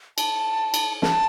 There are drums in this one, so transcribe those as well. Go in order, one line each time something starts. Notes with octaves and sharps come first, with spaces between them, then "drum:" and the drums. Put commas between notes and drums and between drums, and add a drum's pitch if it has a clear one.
A5, drum: cymbal
drum: cymbal
A5, drum: snare